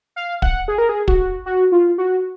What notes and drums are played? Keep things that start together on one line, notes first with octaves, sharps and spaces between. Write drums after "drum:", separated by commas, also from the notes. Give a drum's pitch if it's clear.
F5
F#5, drum: kick
G#4
A#4
G#4
F#4, drum: kick
F#4
F4
F#4